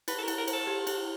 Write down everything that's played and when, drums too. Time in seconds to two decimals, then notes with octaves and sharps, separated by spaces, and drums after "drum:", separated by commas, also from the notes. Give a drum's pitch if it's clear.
0.08 E4 B4, drum: cymbal
0.18 A4
0.23 A#4
0.28 E4, drum: cymbal
0.38 A#4
0.48 C5, drum: cymbal
0.53 A4
0.67 G4
0.87 E4, drum: cymbal